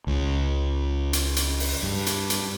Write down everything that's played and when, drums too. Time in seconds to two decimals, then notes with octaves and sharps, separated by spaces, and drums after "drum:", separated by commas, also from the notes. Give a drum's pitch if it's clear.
0.07 C#2
1.13 drum: hi-hat
1.36 drum: hi-hat
1.60 drum: open hi-hat
1.83 G2
2.06 drum: hi-hat
2.30 drum: hi-hat